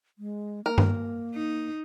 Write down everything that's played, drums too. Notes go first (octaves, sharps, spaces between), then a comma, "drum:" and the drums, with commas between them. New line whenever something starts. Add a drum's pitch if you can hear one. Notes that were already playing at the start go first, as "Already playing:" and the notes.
G#3
A#3 A#4
drum: tom G2
D#4